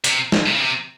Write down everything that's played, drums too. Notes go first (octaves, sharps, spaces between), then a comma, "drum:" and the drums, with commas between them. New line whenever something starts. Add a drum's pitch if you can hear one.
C3, drum: hi-hat
drum: snare
C3
C#3
C3